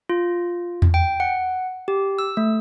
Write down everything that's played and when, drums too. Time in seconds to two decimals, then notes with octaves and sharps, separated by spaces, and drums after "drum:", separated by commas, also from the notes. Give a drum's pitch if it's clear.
0.09 F4
0.82 drum: tom E2
0.94 G5
1.20 F#5
1.88 G4
2.19 E6
2.37 A3